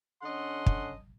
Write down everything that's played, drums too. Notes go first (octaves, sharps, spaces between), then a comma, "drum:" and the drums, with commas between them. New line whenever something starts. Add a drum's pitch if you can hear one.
D3 C#4 A4 D#5 F#5 C6
drum: kick